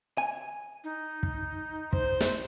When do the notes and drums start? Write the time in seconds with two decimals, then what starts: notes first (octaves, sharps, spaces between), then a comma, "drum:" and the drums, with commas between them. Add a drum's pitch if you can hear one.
0.18 G#5
0.84 D#4
1.23 drum: kick
1.93 C5, drum: kick
2.21 drum: snare